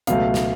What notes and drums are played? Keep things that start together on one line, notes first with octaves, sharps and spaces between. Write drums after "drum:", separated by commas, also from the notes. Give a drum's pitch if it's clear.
C#2 B2 F#3 A3 F5, drum: hi-hat
drum: snare